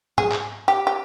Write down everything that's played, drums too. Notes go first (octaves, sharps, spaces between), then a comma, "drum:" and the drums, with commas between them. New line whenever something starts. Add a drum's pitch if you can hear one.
G#4, drum: tom G#2
drum: clap
G4
G4